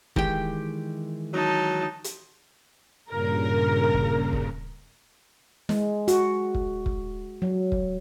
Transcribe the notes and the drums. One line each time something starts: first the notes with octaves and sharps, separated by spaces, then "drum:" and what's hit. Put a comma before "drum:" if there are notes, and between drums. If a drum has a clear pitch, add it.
D#3 E3 G#3 G4 G5, drum: kick
F#3 D#4 A5
drum: hi-hat
G2 A#2 C#3 A#4
drum: kick
drum: kick
G#3, drum: snare
F#4, drum: hi-hat
drum: kick
drum: kick
F#3
drum: kick